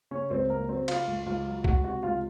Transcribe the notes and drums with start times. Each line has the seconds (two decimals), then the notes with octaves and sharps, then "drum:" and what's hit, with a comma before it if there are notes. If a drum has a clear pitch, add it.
0.11 C#3 C#4 C#5
0.30 C#2 C4 C5
0.49 C#3 A#3 A#4
0.69 F#3 C4 C5
0.88 C#3 F4 F5, drum: cymbal
1.07 C#2
1.26 C#2 F4 F5
1.45 F#3
1.64 C#2 F#4 F#5, drum: kick
1.84 C3 F#4 F#5
2.03 C#2 F4 F5